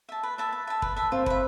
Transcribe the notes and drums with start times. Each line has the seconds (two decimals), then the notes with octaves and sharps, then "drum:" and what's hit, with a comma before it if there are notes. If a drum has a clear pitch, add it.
0.09 E5 A5
0.23 B4
0.38 E5 A5
0.52 B4
0.67 E5 A5
0.82 B4, drum: kick
0.96 E5 A5
1.12 C4 F4
1.26 B4 E5, drum: kick